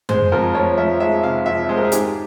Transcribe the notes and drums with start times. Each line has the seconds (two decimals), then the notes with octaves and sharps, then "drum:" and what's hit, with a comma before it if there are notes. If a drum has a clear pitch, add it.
0.09 G#3 C5, drum: tom F#2
0.32 F2 A#4
0.55 F3 C#5
0.78 F3 E5
1.00 G#3 E5
1.23 C3 F5
1.46 F2 E5
1.69 G#3 C5
1.77 A#4
1.85 G#4
1.92 G#2 G4, drum: hi-hat